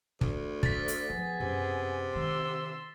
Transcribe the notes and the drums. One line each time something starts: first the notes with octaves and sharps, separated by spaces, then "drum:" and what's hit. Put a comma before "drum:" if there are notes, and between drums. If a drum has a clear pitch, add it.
D2, drum: kick
A6 B6, drum: kick
drum: hi-hat
F3 B3 G#4
F#2 C3
D#3 C6 E6